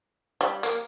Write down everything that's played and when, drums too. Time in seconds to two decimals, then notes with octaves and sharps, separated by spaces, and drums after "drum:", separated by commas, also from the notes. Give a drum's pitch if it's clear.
0.41 G3
0.63 A#3, drum: tambourine